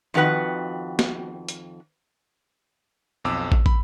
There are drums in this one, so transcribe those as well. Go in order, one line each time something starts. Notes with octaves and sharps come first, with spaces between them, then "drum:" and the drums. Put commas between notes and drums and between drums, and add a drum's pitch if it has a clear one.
F2 D#3 F#4 B4 F#5
drum: snare
drum: hi-hat
B1 F2 D6 E6
drum: kick
B5, drum: kick